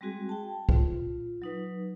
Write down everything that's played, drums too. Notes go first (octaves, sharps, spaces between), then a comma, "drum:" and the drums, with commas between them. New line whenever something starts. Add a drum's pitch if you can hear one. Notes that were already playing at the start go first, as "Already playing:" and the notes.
G3 G#3 C4 F#4 G#4
G5 A5
F4, drum: kick
F#3 D#4 B4